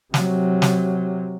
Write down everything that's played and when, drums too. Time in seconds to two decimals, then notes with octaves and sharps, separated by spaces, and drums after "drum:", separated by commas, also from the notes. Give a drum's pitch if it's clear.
0.14 C3 F#3, drum: snare
0.62 drum: snare